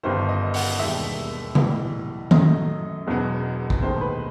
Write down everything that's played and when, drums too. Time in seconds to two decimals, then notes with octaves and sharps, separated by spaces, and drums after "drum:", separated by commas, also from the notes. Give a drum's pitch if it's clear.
0.03 G1 G2 D#3 C5
0.29 D#5
0.54 F#5, drum: open hi-hat
0.79 E1 D#2 D#3 G3 E5
1.55 B1 A2 E3 G3, drum: tom C#3
2.31 F#2 F#3 A3 D#5, drum: tom D#3
3.07 E1 E2 B2 F#3 B3
3.70 drum: kick
3.82 E1 D#2 D#3 A3 C5
4.01 B4